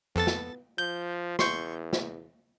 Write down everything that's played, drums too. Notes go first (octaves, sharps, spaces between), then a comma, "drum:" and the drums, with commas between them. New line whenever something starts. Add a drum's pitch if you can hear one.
F2 B3 A4 A6
drum: snare
F3 G6
E2 C6 C#6 G6, drum: snare
drum: snare